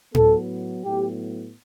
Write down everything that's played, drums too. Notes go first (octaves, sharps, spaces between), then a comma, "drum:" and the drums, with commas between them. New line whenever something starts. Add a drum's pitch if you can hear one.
A2 F#3 B3 A4, drum: tom A2
A2 F#3 B3 G4